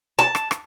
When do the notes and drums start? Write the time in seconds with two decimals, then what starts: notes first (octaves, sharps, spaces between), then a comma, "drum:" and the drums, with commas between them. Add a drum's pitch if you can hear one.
0.19 A5
0.35 drum: rim click
0.51 drum: rim click